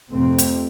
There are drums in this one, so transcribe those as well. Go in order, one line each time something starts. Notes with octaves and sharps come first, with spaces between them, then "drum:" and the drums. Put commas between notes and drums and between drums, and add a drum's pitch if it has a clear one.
F2 C3 A3 C4
drum: hi-hat